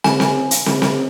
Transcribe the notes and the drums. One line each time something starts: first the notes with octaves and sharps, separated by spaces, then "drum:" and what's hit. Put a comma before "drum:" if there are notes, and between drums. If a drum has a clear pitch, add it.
G#5, drum: snare
drum: snare
drum: hi-hat
drum: snare
drum: snare